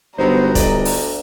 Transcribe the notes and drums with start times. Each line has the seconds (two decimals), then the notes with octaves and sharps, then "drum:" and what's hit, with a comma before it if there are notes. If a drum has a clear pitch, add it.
0.18 G1 F#3 B3 D#4 C5 A#5
0.55 D2 D5 D#5, drum: kick, hi-hat
0.85 drum: open hi-hat